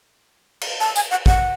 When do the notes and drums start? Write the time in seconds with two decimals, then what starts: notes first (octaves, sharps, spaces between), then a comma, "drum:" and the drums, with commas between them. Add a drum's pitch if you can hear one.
0.61 drum: cymbal
0.80 A5
0.96 G#5, drum: tambourine
1.11 F#5
1.26 F#5, drum: kick